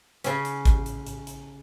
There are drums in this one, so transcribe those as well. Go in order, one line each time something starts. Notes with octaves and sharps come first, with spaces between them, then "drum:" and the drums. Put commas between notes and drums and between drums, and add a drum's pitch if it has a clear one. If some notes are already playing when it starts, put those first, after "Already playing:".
C#3 C#4, drum: hi-hat
drum: hi-hat
drum: kick G#1, hi-hat
drum: hi-hat
drum: hi-hat
drum: hi-hat